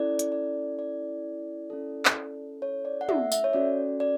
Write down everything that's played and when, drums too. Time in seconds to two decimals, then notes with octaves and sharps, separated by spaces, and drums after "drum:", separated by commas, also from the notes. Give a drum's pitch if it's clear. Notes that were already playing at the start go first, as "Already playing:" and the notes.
Already playing: C#4 E4 A4 D5
0.19 drum: hi-hat
0.32 D5
0.79 D5
1.70 C#4 E4 A4
2.05 drum: clap
2.62 C#5
2.85 D5
3.01 F#5
3.09 E5, drum: tom
3.32 E5, drum: tambourine
3.44 C#5
3.53 C#4 F#4 A4 D5
4.00 D5